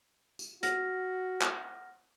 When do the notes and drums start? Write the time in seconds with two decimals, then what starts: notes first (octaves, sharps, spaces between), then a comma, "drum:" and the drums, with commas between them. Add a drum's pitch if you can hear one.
0.39 drum: tambourine
0.63 F#4 F#5 F6 A#6, drum: hi-hat
1.41 drum: clap